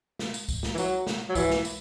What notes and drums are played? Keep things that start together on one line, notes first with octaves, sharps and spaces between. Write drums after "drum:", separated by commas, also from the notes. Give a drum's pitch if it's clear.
drum: snare
drum: tambourine
drum: kick C2, tambourine
drum: snare
E3
F#3, drum: tambourine
drum: snare
F#3
E3, drum: kick C2, tambourine
drum: snare
drum: tambourine